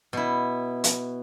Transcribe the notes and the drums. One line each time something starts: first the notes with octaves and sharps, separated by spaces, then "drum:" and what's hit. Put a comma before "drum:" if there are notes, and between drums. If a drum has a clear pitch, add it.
B2 E4
drum: hi-hat